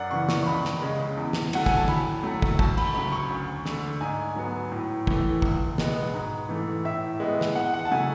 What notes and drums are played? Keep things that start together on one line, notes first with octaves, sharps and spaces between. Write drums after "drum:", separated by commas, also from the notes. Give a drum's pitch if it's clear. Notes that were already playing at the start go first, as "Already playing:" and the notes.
Already playing: F#2 D5 F#5
C#3 E3 C#6
C#6, drum: snare
C#6
C#2 B5
drum: snare
C#3 G#3
E2
drum: snare
D3 F#3 A3 F#5, drum: cymbal
G#5, drum: kick
A5
A2 B5, drum: tom
F#3 A3
drum: kick
D2 A5, drum: kick
B5, drum: cymbal
C#3 F#3 B5
C#6
D2
D3 A3, drum: snare
G#2 G#5
F#3 B3
A2
E3 A3, drum: kick
C#2, drum: kick
B2 G#3 B3, drum: snare
G#2
E3 A3
A2 E5
G#3 B3
drum: snare
E2 F#5
F#5
A5
C#3 F#3 A3 G#5